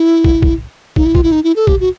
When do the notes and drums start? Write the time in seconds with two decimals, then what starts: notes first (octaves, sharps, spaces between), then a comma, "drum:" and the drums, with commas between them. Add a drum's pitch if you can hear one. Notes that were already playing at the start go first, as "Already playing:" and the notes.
Already playing: E4
0.24 drum: kick
0.42 drum: kick
0.96 D#4, drum: kick
1.05 E4
1.15 F4, drum: kick
1.23 E4
1.32 D#4
1.44 E4
1.56 A4
1.67 G4, drum: kick
1.80 F#4